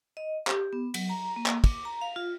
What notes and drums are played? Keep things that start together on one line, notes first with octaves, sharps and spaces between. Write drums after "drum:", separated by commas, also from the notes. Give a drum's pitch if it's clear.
D#5
G4, drum: clap
B3
F#3, drum: cymbal
A#5
A#3
drum: clap
D6, drum: kick, cymbal
A#5
F5
F4